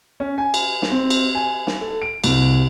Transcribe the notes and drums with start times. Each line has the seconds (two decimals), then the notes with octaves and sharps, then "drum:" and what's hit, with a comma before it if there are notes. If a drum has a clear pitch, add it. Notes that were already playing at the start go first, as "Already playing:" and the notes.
0.20 C#4
0.38 G#5
0.54 drum: cymbal
0.82 drum: snare
0.91 C4
1.10 drum: cymbal
1.35 G#5
1.67 drum: snare
1.81 A4
2.02 D7
2.24 C2, drum: cymbal